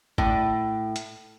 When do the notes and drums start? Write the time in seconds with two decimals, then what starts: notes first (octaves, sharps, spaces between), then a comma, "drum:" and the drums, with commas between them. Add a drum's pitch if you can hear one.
0.18 A2, drum: kick
0.96 drum: hi-hat